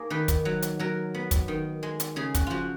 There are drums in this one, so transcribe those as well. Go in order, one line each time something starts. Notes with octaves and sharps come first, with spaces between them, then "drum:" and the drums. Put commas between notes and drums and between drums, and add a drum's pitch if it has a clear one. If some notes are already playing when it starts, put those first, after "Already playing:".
Already playing: A#3 D#4 G#4
D#3 B4
drum: kick, hi-hat
F#3
drum: hi-hat
F#3 A#4
B3
drum: kick, hi-hat
D#3
G#3
drum: hi-hat
C#3 G#4
F#4, drum: kick, hi-hat
F3 F4 F#4